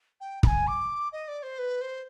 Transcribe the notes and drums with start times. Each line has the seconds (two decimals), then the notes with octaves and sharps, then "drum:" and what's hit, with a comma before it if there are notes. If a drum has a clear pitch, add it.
0.21 G5
0.43 B5, drum: kick
0.47 G#5
0.67 D6
1.12 D#5
1.28 D5
1.43 C5
1.58 B4
1.81 C5